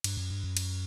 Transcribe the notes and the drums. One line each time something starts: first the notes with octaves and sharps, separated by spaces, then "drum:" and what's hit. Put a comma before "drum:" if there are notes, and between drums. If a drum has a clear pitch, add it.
G2, drum: cymbal
F#2
G2
F#2
drum: cymbal